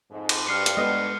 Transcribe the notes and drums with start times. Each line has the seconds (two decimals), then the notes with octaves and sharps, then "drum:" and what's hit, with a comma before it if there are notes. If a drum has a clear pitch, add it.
0.11 F2 G#2
0.29 drum: cymbal
0.47 G2 F6 C7 C#7
0.66 drum: hi-hat
0.77 G#3 B3 A4 D#5 D#6